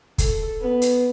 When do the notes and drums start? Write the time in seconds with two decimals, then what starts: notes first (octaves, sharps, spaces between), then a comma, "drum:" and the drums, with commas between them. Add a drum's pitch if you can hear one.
0.18 A4, drum: kick, hi-hat
0.61 B3
0.82 drum: hi-hat